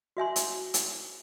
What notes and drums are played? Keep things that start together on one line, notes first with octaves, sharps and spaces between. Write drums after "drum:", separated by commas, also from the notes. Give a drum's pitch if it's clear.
F#4 E5 G#5 C6
drum: hi-hat
drum: hi-hat